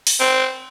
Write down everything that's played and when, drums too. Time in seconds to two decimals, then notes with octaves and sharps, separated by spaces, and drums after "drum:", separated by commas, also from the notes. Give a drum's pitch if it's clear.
0.07 drum: open hi-hat
0.20 C4